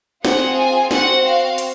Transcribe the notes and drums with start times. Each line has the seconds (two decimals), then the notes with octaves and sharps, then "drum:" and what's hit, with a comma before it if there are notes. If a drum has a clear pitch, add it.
0.25 C4 F4 G#4 F#5, drum: snare
0.58 G#5
0.91 C4 F#4 F#5, drum: snare
1.24 F5
1.58 drum: hi-hat